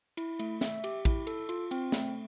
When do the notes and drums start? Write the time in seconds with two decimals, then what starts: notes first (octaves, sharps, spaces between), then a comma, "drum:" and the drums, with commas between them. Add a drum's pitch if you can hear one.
0.17 E4, drum: cymbal
0.39 A3, drum: cymbal
0.61 E5, drum: snare
0.84 G4, drum: cymbal
1.05 E4, drum: kick, cymbal
1.27 A4, drum: cymbal
1.49 F4, drum: cymbal
1.71 C4, drum: cymbal
1.92 A3, drum: snare